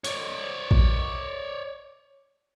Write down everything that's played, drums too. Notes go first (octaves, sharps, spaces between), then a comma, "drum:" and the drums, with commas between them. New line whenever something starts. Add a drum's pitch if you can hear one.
C#5 D5, drum: hi-hat
drum: kick